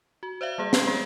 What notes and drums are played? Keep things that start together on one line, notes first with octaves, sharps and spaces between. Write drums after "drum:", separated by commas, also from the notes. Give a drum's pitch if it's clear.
F#4
C5 D5 E5 F5
G3 A#3 G#4
G6 G#6 C7 D7, drum: snare
G#3 G#4